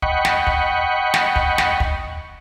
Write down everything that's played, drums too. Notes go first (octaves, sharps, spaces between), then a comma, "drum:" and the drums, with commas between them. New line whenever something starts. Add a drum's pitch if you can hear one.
D#5 F#5 G5 B5 C#6, drum: kick
drum: snare
drum: kick
drum: snare
drum: kick
drum: snare
drum: kick